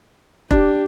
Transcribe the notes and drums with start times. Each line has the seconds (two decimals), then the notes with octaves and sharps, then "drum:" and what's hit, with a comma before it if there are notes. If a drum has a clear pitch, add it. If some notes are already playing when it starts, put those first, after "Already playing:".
0.51 D4 G4, drum: kick E1